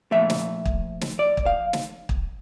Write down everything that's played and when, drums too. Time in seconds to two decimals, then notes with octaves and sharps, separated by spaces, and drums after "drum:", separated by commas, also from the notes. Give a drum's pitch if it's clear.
0.11 A#2 F3 A3 E5
0.30 drum: snare
0.65 drum: kick
1.01 drum: snare
1.19 D5
1.37 drum: kick
1.46 F5
1.73 drum: snare
2.09 drum: kick